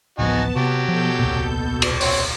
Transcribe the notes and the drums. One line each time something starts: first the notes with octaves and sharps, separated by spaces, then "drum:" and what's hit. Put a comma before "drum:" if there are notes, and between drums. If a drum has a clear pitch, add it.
D1 A1 F3 B3 D#4 F#4 G#5 A5
C3 F#3 G4
B2 F3 A4 G6
D#1 C2 A#2
drum: cymbal
C4 C#5, drum: open hi-hat